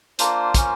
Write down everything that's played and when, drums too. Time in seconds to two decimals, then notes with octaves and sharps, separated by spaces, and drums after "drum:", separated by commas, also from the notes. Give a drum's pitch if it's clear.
0.19 A#3 D4 F4 A#4 C5, drum: hi-hat
0.54 A#3 C#4 F4, drum: kick, hi-hat